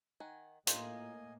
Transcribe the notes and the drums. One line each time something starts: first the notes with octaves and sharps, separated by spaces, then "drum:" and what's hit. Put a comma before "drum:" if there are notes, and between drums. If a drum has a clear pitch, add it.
D#3 F#5 G#5
A2 A#3 D#4 F4 D#5 G#5, drum: hi-hat